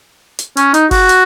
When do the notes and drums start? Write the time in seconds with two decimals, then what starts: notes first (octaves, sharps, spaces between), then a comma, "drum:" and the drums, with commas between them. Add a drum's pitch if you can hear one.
0.39 drum: hi-hat
0.57 C#4, drum: hi-hat
0.74 D#4, drum: hi-hat
0.91 F#4, drum: kick, open hi-hat
1.09 drum: hi-hat